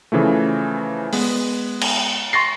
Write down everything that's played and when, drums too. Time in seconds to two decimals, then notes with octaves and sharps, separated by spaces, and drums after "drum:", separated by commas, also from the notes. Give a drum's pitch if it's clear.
0.12 C#3 E3 F3 A3
1.13 G#3 B3, drum: open hi-hat
1.81 drum: cymbal
2.33 C6 C#6 A6 A#6 C7